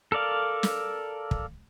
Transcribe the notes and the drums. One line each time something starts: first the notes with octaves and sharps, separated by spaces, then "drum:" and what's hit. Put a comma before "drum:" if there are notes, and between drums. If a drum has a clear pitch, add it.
A4 A#4 D5 F5
drum: snare
drum: kick